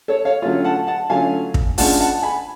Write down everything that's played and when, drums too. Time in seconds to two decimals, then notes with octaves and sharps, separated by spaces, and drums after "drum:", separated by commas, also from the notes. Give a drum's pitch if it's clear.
0.08 A4 C#5
0.25 C#5 F5
0.42 D3 F#3 A3 C#4 F4
0.64 F#5 A5
0.87 F#5 A5
1.10 D3 F#3 A3 C#4 F4 F5 G#5
1.54 drum: kick
1.78 C#3 G#3 D4 F4 F#5 A5, drum: open hi-hat
2.00 F#5 A5
2.22 G#5 B5